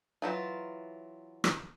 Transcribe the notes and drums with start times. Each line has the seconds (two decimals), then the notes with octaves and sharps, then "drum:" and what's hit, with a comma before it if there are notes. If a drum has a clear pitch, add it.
0.22 E3 F#3 F4
1.44 drum: rim click